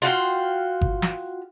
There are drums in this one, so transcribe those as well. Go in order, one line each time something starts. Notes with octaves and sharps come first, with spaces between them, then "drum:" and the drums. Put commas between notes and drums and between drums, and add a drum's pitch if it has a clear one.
F4 F#4 F5 G5
drum: kick G1
drum: snare